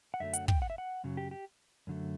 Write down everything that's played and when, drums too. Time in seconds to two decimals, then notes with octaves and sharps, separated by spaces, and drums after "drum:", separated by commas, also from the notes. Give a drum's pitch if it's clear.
0.14 F#5
0.20 F#2 D3 F#3 A3 E5
0.33 F#5, drum: hi-hat
0.48 G5, drum: kick
0.62 F#5
0.70 E5
0.78 F#5
1.04 F#2 C#3 F#3
1.17 G4
1.31 G4
1.87 F#2 D3 F#3 A3